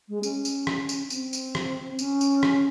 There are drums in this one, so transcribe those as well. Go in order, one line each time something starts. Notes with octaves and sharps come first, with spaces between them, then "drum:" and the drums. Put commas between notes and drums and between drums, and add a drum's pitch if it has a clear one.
G#3
C#4, drum: tambourine
drum: tambourine
drum: rim click
drum: tambourine
C4, drum: tambourine
drum: tambourine
drum: rim click
C#4, drum: tambourine
drum: tambourine
drum: rim click